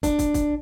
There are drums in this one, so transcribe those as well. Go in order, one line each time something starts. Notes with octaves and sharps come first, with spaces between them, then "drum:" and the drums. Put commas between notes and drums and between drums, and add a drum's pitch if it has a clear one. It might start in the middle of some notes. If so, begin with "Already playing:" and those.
D4, drum: kick, hi-hat
drum: kick, hi-hat
drum: kick, hi-hat